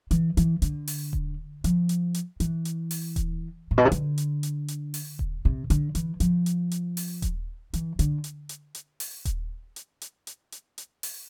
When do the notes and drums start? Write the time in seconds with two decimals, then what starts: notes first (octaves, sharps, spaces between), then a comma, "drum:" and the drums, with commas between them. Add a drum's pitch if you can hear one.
0.11 E3, drum: hi-hat
0.37 E3, drum: hi-hat
0.62 D3, drum: hi-hat
0.88 drum: open hi-hat
1.13 drum: kick D#1
1.64 F3, drum: hi-hat
1.89 drum: hi-hat
2.14 drum: hi-hat
2.40 E3, drum: hi-hat
2.65 drum: hi-hat
2.91 drum: open hi-hat
3.16 drum: kick D#1, hi-hat
3.71 A2
3.78 B2
3.85 C3
3.92 D3, drum: hi-hat
4.18 drum: hi-hat
4.43 drum: hi-hat
4.68 drum: hi-hat
4.94 drum: open hi-hat
5.19 drum: kick D#1
5.45 C3
5.70 D3, drum: hi-hat
5.95 E3, drum: hi-hat
6.20 F3, drum: hi-hat
6.46 drum: hi-hat
6.71 drum: hi-hat
6.97 drum: open hi-hat
7.22 drum: kick D#1, hi-hat
7.73 E3, drum: hi-hat
7.99 D3, drum: hi-hat
8.24 drum: hi-hat
8.49 drum: hi-hat
8.75 drum: hi-hat
9.00 drum: open hi-hat
9.25 drum: kick D#1, hi-hat
9.76 drum: hi-hat
10.02 drum: hi-hat
10.27 drum: hi-hat
10.52 drum: hi-hat
10.78 drum: hi-hat
11.03 drum: open hi-hat